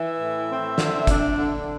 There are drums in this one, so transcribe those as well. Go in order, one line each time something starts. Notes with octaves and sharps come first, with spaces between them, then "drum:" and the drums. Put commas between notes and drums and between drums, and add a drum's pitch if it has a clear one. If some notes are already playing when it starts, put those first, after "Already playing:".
Already playing: E3 E5
A2
C4
D3, drum: snare
D4, drum: kick, hi-hat
D3